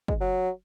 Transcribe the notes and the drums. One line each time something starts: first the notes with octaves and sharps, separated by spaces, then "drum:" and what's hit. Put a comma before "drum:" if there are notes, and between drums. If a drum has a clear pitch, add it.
G#3, drum: kick
F#3